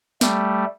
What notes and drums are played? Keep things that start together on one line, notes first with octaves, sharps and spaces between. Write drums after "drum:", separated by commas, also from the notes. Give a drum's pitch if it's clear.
G3 A3, drum: snare